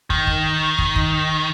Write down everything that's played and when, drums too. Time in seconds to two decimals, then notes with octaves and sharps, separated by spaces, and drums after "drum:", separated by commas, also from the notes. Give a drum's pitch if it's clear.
0.10 D#3, drum: kick
0.27 drum: kick
0.78 drum: kick
0.96 drum: kick